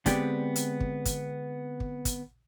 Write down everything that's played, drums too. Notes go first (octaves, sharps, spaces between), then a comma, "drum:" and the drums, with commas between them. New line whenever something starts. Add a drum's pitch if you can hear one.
D3 G#3 B3 C4 G4 D5, drum: kick, hi-hat
drum: hi-hat
drum: kick
drum: kick, hi-hat
drum: kick
drum: kick, hi-hat